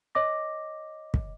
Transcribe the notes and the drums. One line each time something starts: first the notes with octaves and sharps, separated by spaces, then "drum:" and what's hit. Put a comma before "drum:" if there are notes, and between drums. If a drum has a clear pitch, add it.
C#5 D#5 D6 A#6
drum: kick